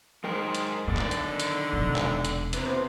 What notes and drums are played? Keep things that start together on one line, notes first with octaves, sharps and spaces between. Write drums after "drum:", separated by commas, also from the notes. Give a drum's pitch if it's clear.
D#3 F#3 G#3 A#4 C5 G5
drum: hi-hat
D3 D#3 B3 D5
drum: clap
drum: hi-hat
drum: hi-hat
E1 C3
drum: clap
drum: hi-hat
C3 E3, drum: hi-hat
D#2 B2 B3 C5